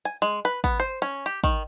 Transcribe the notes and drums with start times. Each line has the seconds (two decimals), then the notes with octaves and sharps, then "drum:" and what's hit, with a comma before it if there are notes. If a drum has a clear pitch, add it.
0.05 G#5
0.22 G#3, drum: tambourine
0.45 B4
0.64 B3, drum: kick, tambourine
0.80 C5
1.02 C#4, drum: tambourine
1.26 G4
1.44 D#3, drum: kick, tambourine